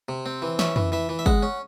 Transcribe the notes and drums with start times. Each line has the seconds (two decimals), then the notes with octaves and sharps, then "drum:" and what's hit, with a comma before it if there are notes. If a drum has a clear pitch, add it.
0.09 C3
0.26 C4
0.42 E3
0.59 C#4 E5, drum: snare
0.76 E3, drum: tom
0.92 E3 E5
1.09 E3
1.19 E5
1.26 G#3 F#5, drum: kick
1.43 C#4